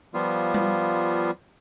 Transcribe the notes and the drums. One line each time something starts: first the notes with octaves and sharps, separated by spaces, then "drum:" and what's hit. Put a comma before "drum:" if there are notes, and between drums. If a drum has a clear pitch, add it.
F3 G3 B3 F4
drum: tom G3